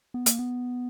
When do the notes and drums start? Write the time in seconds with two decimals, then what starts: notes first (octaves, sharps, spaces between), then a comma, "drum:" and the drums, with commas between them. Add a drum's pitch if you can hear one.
0.14 B3
0.26 A#3, drum: hi-hat
0.39 B3